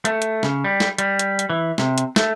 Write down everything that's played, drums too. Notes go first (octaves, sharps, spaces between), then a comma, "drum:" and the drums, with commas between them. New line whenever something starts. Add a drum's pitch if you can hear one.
A3, drum: hi-hat
drum: hi-hat
C#3, drum: snare
G3
drum: snare
G3, drum: hi-hat
drum: hi-hat
drum: hi-hat
E3
C3, drum: snare
drum: hi-hat
A3, drum: snare